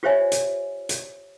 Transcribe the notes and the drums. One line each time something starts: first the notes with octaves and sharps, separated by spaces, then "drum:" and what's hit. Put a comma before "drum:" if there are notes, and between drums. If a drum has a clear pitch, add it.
F4 G4 C5 C#5 E5 G#5
drum: hi-hat
drum: hi-hat